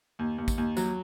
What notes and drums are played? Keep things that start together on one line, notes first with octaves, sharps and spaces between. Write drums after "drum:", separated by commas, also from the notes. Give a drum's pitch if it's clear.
D#2
D#2
drum: kick A1, tambourine
D#2
F#3, drum: tambourine